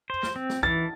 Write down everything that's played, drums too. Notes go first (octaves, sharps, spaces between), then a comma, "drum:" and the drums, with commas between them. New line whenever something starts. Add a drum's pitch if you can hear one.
C5
drum: snare
C4
drum: snare
E3 A6, drum: kick B1